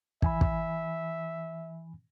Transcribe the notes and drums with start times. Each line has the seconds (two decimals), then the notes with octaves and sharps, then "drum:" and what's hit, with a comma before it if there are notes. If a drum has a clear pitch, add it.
0.22 E3 E5 G#5 B5, drum: kick
0.41 drum: kick